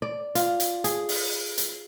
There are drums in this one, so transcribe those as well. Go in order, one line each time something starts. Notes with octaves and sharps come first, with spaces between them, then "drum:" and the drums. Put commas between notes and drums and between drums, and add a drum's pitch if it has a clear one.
D5
F4, drum: hi-hat
drum: hi-hat
G#4, drum: hi-hat
drum: open hi-hat
drum: hi-hat